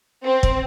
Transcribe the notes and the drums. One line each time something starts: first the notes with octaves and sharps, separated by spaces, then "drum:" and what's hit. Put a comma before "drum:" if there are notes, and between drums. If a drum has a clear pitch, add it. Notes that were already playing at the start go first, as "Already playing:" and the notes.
C4
drum: kick